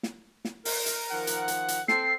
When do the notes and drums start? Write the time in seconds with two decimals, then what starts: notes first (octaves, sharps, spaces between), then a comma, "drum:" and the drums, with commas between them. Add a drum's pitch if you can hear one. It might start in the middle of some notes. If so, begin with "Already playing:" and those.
0.03 drum: snare
0.45 drum: snare
0.65 A#4, drum: open hi-hat
0.86 drum: hi-hat
1.11 D#3 F3 F#5
1.27 drum: hi-hat
1.48 drum: hi-hat
1.68 drum: hi-hat
1.88 C4 A4 C7, drum: snare